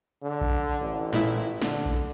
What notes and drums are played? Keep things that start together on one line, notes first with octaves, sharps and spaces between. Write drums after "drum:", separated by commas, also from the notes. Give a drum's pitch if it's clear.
D3
drum: kick A#1
A1
A#2 G#3 E4
D3, drum: snare
drum: kick A#1